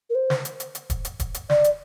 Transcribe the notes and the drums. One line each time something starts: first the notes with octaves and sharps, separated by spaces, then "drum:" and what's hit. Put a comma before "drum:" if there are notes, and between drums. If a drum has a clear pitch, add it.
A#4
C5
drum: snare
drum: hi-hat
drum: hi-hat
drum: hi-hat
drum: kick D#1, hi-hat
drum: hi-hat
drum: kick D#1, hi-hat
drum: hi-hat
D5, drum: snare
drum: hi-hat